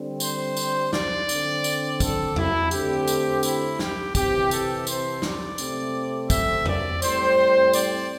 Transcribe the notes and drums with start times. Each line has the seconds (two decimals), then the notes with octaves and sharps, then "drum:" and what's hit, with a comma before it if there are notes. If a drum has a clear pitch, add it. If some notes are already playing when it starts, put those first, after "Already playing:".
Already playing: D3 G3 C4
0.20 C5, drum: tambourine
0.57 drum: tambourine
0.93 D5, drum: snare
1.29 D3 C4, drum: tambourine
1.64 drum: tambourine
2.00 A4, drum: kick, tambourine
2.36 E4, drum: tom E2
2.71 D3 A3 C4 G4, drum: tambourine
3.08 drum: tambourine
3.43 E4, drum: tambourine
3.79 G4, drum: snare
4.15 C3 E3 C4 G4, drum: kick, tambourine
4.51 A4, drum: tambourine
4.87 C5, drum: tambourine
5.22 D5, drum: snare
5.58 C3 A3 C4, drum: tambourine
6.30 E5, drum: kick, tambourine
6.66 D5, drum: tom E2
7.02 A2 G3 C4 C5, drum: tambourine
7.73 D5, drum: tambourine